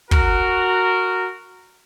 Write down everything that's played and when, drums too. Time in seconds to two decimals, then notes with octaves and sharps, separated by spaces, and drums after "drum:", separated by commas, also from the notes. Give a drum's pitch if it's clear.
0.11 F#4 A#4, drum: kick